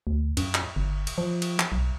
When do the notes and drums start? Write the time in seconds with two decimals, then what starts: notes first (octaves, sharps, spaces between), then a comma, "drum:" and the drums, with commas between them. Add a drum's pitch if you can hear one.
0.07 D2
0.37 F#2, drum: cymbal
0.55 drum: clap
0.76 G1
1.07 drum: cymbal
1.18 F3
1.42 drum: cymbal
1.59 drum: clap
1.72 B1